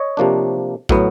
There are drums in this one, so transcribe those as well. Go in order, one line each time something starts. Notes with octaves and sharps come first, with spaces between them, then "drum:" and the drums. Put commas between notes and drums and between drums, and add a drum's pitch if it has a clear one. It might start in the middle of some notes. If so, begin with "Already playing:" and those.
Already playing: C#5 D#5
C3 F3 A#3 D4
A2 F#3 B3, drum: kick